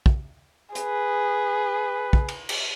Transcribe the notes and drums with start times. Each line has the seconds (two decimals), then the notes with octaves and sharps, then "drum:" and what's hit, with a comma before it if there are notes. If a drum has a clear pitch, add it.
0.06 drum: kick
0.75 G#4 B4, drum: hi-hat
2.13 drum: kick
2.29 drum: cymbal
2.49 drum: cymbal